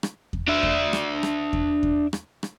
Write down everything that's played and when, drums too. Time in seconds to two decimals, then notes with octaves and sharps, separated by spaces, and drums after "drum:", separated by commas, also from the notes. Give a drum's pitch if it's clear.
0.03 drum: rim click
0.33 drum: kick E2
0.48 D4 E5
0.63 drum: kick E2
0.93 drum: rim click
1.23 drum: rim click
1.53 drum: kick E2
1.83 drum: kick E2
2.13 drum: rim click
2.43 drum: rim click